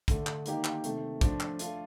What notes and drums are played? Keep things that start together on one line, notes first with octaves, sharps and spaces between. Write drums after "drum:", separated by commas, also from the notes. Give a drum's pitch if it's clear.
D3 A3 D4, drum: kick, hi-hat
drum: clap
D#3 A#3 D#4 G4, drum: hi-hat
drum: clap
C3 D#3 A3, drum: hi-hat
F3 A3 D4 F4, drum: kick, hi-hat
drum: clap
A3 D4 F4 A4, drum: hi-hat